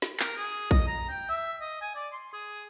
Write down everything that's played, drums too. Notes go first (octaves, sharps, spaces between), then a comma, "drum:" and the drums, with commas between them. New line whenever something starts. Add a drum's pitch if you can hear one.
drum: snare
A#4, drum: clap
G#4
D#5, drum: kick A#1
A#5
G5
E5
D#5
G#5
D5
C6
G#4